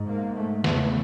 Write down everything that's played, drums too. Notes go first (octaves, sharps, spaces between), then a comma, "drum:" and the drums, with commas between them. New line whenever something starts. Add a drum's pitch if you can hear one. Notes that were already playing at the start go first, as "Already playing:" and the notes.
Already playing: G#2
A#3
A3
E2 C#3 A3, drum: snare